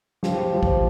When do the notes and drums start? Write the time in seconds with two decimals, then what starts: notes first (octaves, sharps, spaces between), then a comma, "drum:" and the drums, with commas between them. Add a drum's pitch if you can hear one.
0.23 F3 G4, drum: snare
0.53 F3
0.63 drum: kick G#1